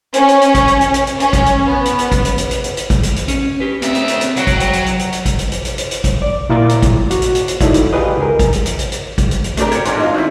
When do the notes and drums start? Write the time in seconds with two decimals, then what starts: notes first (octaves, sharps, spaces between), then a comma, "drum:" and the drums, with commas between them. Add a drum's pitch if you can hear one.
0.14 C#4, drum: hi-hat
0.28 drum: hi-hat
0.42 drum: hi-hat
0.55 drum: kick, hi-hat
0.68 drum: hi-hat
0.81 drum: hi-hat
0.94 drum: hi-hat
1.07 drum: hi-hat
1.20 C#4, drum: hi-hat
1.33 drum: kick, hi-hat
1.46 drum: hi-hat
1.67 B3
1.85 drum: hi-hat
1.98 drum: hi-hat
2.12 drum: kick, hi-hat
2.25 drum: hi-hat
2.38 drum: hi-hat
2.51 drum: hi-hat
2.64 drum: hi-hat
2.77 drum: hi-hat
2.90 drum: kick, hi-hat
3.03 drum: hi-hat
3.16 drum: hi-hat
3.28 C#4, drum: hi-hat
3.60 G4 B4
3.82 D2 C4 E5, drum: hi-hat
3.95 drum: hi-hat
4.08 drum: hi-hat
4.21 drum: hi-hat
4.36 F#3 F#4 C#5 F#5 G5, drum: hi-hat
4.47 drum: kick, hi-hat
4.60 drum: hi-hat
4.73 drum: hi-hat
4.86 drum: hi-hat
4.99 drum: hi-hat
5.12 drum: hi-hat
5.25 drum: kick, hi-hat
5.39 drum: hi-hat
5.52 drum: hi-hat
5.65 drum: hi-hat
5.78 drum: hi-hat
5.91 drum: hi-hat
6.04 drum: kick, hi-hat
6.22 D5
6.49 A#2 E4 F4 A#5 D6 A6
6.69 drum: hi-hat
6.82 drum: kick, hi-hat
7.11 F#4, drum: hi-hat
7.22 drum: hi-hat
7.35 drum: hi-hat
7.48 drum: hi-hat
7.61 D#4 E4 F#4 A4 D5, drum: kick, hi-hat
7.74 drum: hi-hat
7.93 F4 G4 G#4 B4 D#5
8.18 C#2 G#4 A#4
8.39 drum: kick, hi-hat
8.52 drum: hi-hat
8.66 drum: hi-hat
8.79 drum: hi-hat
8.92 drum: hi-hat
9.18 drum: kick, hi-hat
9.31 drum: hi-hat
9.44 drum: hi-hat
9.57 A3 C4 D4 G4 A#4, drum: hi-hat
9.72 G#6 C#7, drum: hi-hat
9.85 D#2 G#2, drum: hi-hat
10.00 D#4 F4
10.15 D#3 C4 E4